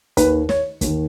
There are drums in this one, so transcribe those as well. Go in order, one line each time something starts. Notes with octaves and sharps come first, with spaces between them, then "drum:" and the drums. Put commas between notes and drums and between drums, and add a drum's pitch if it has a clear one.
D#2 D#3 B4, drum: kick, hi-hat
C#5, drum: snare
D#2 D#3, drum: kick, hi-hat